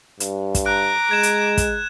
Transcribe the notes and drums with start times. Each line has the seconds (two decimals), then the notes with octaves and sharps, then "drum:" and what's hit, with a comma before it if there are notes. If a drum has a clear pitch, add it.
0.20 G2, drum: hi-hat
0.55 drum: kick, hi-hat
0.66 A#5 D6 F#6
1.11 G#3 G#6 E7
1.23 drum: hi-hat
1.57 drum: kick, hi-hat